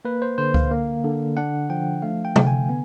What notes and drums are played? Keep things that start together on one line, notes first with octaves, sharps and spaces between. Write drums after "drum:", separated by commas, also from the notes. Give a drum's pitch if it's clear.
A#3 B4
C5
D3 C5
F5, drum: kick C#2
A#3
D3
D4 F#5
F3 G5
A3 F5
G5
D3, drum: tom
G#5
B3